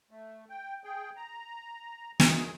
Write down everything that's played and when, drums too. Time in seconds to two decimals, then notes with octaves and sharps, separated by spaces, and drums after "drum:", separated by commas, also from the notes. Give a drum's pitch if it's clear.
0.11 A3
0.50 G5
0.84 G#4 G5
1.16 A#5
2.20 F#2 G#4, drum: snare